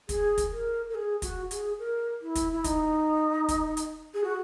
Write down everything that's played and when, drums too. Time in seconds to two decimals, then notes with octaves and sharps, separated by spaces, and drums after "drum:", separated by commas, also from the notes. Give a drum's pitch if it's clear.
0.09 G#4, drum: kick, hi-hat
0.38 drum: kick, hi-hat
0.52 A#4
0.90 A#4
0.94 G#4
1.22 F#4, drum: kick, hi-hat
1.51 G#4, drum: hi-hat
1.79 A#4
2.22 E4
2.35 drum: kick, hi-hat
2.52 E4
2.64 D#4, drum: kick, hi-hat
3.49 drum: kick, hi-hat
3.77 drum: hi-hat
4.14 G#4
4.24 F#4